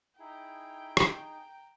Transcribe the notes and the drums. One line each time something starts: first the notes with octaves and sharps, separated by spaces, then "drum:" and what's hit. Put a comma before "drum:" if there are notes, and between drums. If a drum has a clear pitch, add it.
D#4 E4 G#4 G5 A#5
drum: rim click